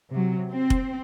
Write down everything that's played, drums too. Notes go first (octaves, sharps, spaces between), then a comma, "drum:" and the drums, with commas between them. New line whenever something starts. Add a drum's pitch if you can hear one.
C3 F#3
C4
drum: kick F1